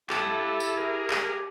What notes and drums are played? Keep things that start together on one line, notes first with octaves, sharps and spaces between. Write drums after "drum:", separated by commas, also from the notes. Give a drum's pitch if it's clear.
E4 G4 A4 A5, drum: clap
drum: tambourine
G#4 A#4
drum: clap